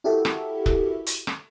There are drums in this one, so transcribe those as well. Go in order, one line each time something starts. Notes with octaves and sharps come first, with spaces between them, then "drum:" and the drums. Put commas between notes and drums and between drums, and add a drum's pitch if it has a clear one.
E4 F#4 G4 A4 A#4 E5
drum: rim click
drum: kick
drum: hi-hat
drum: rim click